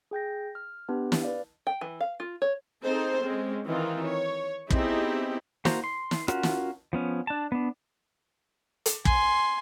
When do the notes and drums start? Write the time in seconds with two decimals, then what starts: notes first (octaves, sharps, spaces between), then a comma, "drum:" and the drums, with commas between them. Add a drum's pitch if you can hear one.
0.11 G#4 G5 G6 A#6
0.55 F6
0.88 B3 D4 G4 B4
1.12 drum: snare
1.23 B4 D5 F5
1.67 G5
1.81 E3
2.01 F5
2.20 F4
2.42 C#5
2.82 C4 D#4 G#4 A4 C5
3.22 G#3 C4 C#4
3.66 D#3 E3 C4 D#4 F4
4.05 C#5
4.70 B3 C4 D#4 E4 G4 G#4, drum: kick
5.65 A#3 F#4 C5 A#5, drum: snare
5.84 C6
6.11 drum: snare
6.28 C#4 F4 F#4 A#4, drum: rim click
6.43 drum: snare
6.93 F3 B3 C#4
7.27 D4 A5
7.52 B3 D4
8.86 drum: hi-hat
9.05 G#5 C6, drum: kick